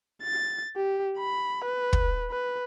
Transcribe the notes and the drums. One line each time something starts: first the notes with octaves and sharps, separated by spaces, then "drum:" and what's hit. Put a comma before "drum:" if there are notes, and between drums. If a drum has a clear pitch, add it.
A6
G4
B5
B4
drum: kick
B4